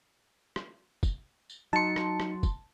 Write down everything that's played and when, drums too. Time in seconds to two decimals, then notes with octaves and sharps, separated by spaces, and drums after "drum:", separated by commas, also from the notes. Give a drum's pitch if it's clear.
0.56 drum: rim click
1.03 drum: kick, tambourine
1.50 drum: tambourine
1.73 F#3 D#4 A5 C6 C#7
1.96 drum: rim click
2.20 drum: rim click
2.43 drum: kick, tambourine